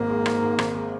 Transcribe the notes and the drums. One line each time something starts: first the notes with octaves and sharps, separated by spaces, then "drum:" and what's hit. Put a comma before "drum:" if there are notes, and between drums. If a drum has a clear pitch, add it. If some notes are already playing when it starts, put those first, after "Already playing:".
Already playing: G#1 G#2 A#3
G#3
D#3, drum: rim click
G#2
G#1, drum: rim click
G#3